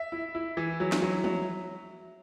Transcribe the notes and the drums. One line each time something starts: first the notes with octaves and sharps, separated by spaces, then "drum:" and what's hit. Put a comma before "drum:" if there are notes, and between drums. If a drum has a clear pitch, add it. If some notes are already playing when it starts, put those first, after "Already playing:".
Already playing: E5
E4
E4
E3
F#3
drum: snare
F#3
F#3, drum: tom